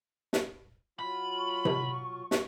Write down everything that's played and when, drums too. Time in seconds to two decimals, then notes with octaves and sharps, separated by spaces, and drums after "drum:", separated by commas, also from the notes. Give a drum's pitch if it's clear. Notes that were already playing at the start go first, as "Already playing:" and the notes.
0.33 drum: snare
0.99 F#3 F4 B5
1.38 C#6
1.65 drum: tom C3
2.31 drum: snare